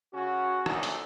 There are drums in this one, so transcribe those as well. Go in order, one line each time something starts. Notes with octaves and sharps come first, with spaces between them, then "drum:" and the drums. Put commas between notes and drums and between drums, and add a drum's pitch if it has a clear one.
C#3 C#4 F#4
A#1 F#2 A#2 D#4 A4, drum: rim click
drum: hi-hat